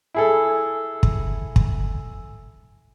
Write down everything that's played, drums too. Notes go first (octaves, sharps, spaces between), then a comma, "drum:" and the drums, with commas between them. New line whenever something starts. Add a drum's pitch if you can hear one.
E4 G#4 A4
drum: kick
drum: kick